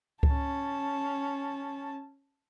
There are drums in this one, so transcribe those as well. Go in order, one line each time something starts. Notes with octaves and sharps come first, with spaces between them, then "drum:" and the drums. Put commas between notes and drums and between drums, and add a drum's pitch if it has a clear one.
C#4 A5, drum: kick C#2